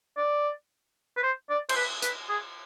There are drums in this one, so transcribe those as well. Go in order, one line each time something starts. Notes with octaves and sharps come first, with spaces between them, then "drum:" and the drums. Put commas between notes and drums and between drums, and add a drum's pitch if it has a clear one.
D5
B4
C5
D5
C5, drum: cymbal
B4
B4, drum: hi-hat
G#4